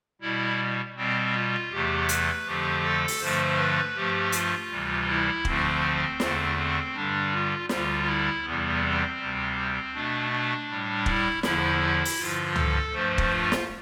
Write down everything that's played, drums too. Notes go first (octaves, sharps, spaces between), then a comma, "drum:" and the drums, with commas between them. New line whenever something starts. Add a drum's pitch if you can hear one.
B2 G3 E4
B2 G3 C4
F4
E2 C3 E3 A3 G4
B4, drum: hi-hat
F2 D3 F3 A3 G4
A4
drum: open hi-hat
G2 D3 F3 A3 C5
B4
G2 F3 A3 G4
F4, drum: hi-hat
D2 C3 E3 G3
E4
D2 D3 F3 A3 C4, drum: kick
E2 D3 A3, drum: snare
C4
G2 D3 G3 D4
F4
D2 D3 G3 F4, drum: snare
E4
E2 C3 E3 G3 B3
C4
D2 C3 G3
B2 A3 D4
D4
A2 G3
E4, drum: kick
E2 D3 F3 E4, drum: snare
drum: open hi-hat
G2 D3 F3 F4
A4, drum: tom C#2
G2 F3 A3 C5
drum: kick
F4
drum: snare